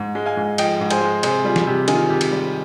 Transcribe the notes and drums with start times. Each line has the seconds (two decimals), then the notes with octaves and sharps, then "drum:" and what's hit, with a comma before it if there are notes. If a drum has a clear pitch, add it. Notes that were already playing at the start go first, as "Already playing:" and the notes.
Already playing: G#2
0.15 G#3
0.26 F5 G#5
0.37 G#2
0.58 F3 D#5 G5, drum: cymbal
0.80 G#2
0.91 G#4 C5, drum: cymbal
1.01 G#3
1.23 C3 G#4 C5, drum: cymbal
1.44 G3 F4 G#4
1.56 drum: snare
1.67 C3 G4
1.88 D#3 F4 G#4, drum: cymbal
2.10 C3 G4
2.21 drum: cymbal
2.31 G3 F4